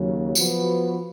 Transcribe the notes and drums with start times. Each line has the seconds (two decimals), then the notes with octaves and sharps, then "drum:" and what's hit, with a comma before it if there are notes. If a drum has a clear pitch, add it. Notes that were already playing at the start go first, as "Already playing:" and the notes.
Already playing: D#2 C#3 F#3
0.35 F3 B3 F#4 B4, drum: tambourine